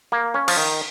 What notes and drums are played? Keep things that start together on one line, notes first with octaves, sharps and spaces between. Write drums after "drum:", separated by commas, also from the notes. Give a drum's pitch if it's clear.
A#3
C#4
F3, drum: cymbal
D#3